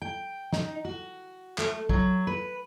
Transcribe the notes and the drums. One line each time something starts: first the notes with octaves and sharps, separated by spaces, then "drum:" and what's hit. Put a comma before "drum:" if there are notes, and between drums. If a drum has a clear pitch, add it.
G5
D#4, drum: snare
F#4
A3, drum: clap
F#3, drum: kick
B4